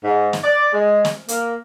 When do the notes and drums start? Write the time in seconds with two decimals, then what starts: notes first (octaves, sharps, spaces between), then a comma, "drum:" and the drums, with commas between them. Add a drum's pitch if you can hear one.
0.04 G#2
0.33 drum: snare
0.44 D5
0.72 G#3
1.05 drum: snare
1.28 A#3, drum: hi-hat